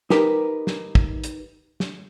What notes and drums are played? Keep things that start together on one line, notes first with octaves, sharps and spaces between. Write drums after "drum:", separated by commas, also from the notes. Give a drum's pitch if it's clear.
D#4 G4 A#4 B4, drum: snare
drum: snare
drum: kick
drum: hi-hat
drum: snare